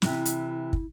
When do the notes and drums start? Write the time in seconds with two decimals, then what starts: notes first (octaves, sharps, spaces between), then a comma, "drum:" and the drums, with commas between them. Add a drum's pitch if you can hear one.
0.02 C3 E3 E4, drum: snare
0.25 drum: hi-hat
0.73 drum: kick